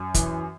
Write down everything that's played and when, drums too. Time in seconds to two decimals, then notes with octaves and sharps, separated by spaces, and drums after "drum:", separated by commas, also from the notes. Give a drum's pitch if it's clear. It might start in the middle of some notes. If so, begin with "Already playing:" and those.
Already playing: F#2
0.14 E3, drum: kick, hi-hat